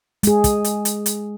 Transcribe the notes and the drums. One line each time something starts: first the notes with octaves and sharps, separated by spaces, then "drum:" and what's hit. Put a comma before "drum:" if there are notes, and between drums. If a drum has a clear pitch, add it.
G#3 G#4, drum: hi-hat
drum: kick, hi-hat
drum: hi-hat
drum: hi-hat
drum: hi-hat